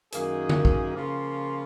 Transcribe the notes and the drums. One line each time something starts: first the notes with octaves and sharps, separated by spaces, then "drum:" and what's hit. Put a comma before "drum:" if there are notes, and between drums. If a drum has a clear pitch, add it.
F#2 D#3 A#3 D#4 G#4, drum: hi-hat
drum: tom D3
drum: kick
C#3 F3 A#3 F4